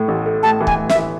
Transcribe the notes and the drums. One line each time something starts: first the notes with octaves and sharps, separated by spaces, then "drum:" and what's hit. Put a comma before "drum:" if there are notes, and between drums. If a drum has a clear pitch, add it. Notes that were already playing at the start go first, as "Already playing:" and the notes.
Already playing: A2 A3
A1
A3
A2 A5
E3
G#5, drum: kick C#1
A2
E5, drum: snare
E3